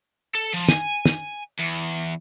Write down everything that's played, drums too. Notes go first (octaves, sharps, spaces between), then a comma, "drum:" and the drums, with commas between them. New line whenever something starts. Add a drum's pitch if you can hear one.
A4
F3
G#5, drum: snare
drum: snare
E2